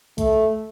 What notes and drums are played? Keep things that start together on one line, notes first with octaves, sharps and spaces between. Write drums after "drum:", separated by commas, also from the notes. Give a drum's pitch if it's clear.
A3, drum: kick B1, hi-hat